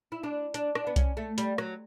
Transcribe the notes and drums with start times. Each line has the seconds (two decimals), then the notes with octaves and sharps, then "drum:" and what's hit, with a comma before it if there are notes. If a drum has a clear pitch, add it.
0.12 E4
0.23 D4
0.54 D4, drum: hi-hat
0.75 D4, drum: rim click
0.87 B3
0.96 C#4, drum: kick C2, hi-hat
1.17 A3
1.38 G3, drum: hi-hat
1.58 F#3, drum: rim click